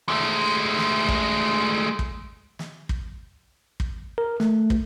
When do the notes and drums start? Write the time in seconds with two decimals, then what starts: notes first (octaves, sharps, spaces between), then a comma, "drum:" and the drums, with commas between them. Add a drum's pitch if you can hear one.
0.09 G#3 A3
0.78 drum: snare
1.09 drum: kick
1.99 drum: kick
2.59 drum: snare
2.89 drum: kick
3.80 drum: kick
4.18 A#4
4.40 A3, drum: snare
4.70 drum: kick